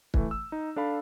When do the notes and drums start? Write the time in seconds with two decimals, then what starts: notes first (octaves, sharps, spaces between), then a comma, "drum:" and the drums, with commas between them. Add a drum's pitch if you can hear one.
0.14 E3 A3, drum: kick
0.31 E6
0.52 D#4
0.76 D4 A4 F5 B5